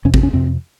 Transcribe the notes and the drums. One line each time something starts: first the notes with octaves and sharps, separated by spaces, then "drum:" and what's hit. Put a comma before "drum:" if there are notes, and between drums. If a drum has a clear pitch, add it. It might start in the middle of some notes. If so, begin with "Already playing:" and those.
F2 C3 C#4
C4, drum: kick G#1
C#4
F2 C3 C4